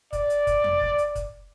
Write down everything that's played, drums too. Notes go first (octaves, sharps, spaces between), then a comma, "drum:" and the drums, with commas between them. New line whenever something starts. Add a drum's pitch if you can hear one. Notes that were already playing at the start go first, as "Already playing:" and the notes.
D5, drum: kick, hi-hat
drum: hi-hat
drum: kick, hi-hat
drum: tom E2
drum: kick
drum: hi-hat
drum: kick, hi-hat